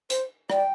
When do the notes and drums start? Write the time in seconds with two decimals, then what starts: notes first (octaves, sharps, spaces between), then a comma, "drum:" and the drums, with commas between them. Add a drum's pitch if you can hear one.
0.10 C5, drum: hi-hat
0.50 D5 G5, drum: rim click